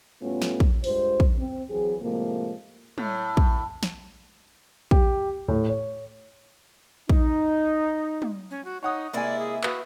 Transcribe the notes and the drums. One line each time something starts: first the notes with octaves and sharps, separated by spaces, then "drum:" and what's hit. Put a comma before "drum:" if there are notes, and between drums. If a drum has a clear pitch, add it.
A2 G3 A3 B3 C#4 F4
drum: snare
drum: kick
G2 G#3 F4 C5, drum: open hi-hat
drum: kick
C4
E3 F#3 C4 G#4
A2 C3 F3 G#3 A#3
A2, drum: tom
drum: kick
drum: snare
G4, drum: kick
A2
C#5
D#4, drum: kick
drum: tom
C#4
F#4
D#4 C#5 F#5 D#6
C3 G#3 A#3 E4 D5 G#5
G#4
A#3 F#4 B4 E5 D#6, drum: clap